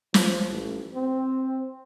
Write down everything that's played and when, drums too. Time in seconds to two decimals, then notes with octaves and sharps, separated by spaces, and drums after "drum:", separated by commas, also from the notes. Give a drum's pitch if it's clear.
0.14 F3, drum: snare
0.50 A1
0.94 C4